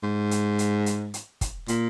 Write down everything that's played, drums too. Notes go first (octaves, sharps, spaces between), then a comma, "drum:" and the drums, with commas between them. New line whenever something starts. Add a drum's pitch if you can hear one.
G#2
drum: hi-hat
drum: hi-hat
drum: hi-hat
drum: hi-hat
drum: kick, hi-hat
A#2, drum: hi-hat